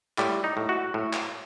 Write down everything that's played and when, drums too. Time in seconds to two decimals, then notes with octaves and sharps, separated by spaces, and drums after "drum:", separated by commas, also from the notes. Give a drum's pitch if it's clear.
0.18 A2 G3, drum: clap
0.44 D#4
0.57 A2
0.69 F#4
0.94 A2
1.13 drum: clap